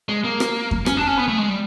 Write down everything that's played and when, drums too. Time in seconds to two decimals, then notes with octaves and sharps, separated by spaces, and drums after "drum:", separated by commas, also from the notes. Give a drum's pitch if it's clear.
0.09 G#3
0.24 A#3
0.40 drum: rim click
0.71 drum: kick F2
0.86 C#4, drum: rim click
0.96 D4
1.07 C#4
1.17 B3
1.28 A3
1.38 G#3
1.49 G3